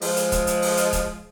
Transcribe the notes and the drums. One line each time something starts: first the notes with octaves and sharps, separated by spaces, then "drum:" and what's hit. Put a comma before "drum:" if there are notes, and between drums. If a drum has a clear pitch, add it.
F3 G#3, drum: open hi-hat
drum: hi-hat
drum: kick C#1, hi-hat
drum: hi-hat
drum: open hi-hat
drum: hi-hat
drum: kick C#1, hi-hat